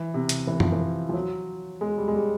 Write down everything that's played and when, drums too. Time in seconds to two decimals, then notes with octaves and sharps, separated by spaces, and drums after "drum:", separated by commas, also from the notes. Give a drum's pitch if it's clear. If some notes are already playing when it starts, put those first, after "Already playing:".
Already playing: E3
0.14 C3
0.29 drum: hi-hat
0.47 E3
0.60 F3, drum: tom F#2
0.72 E3
1.09 F3
1.14 F#3
1.81 G#3
1.98 G3
2.08 G#3
2.14 G3